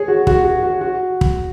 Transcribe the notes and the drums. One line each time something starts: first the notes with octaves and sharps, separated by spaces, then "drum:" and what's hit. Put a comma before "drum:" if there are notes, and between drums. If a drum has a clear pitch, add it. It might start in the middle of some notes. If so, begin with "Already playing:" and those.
Already playing: G#4 C#5
F#4
F#4, drum: kick
F#4
F#4
F#4
drum: kick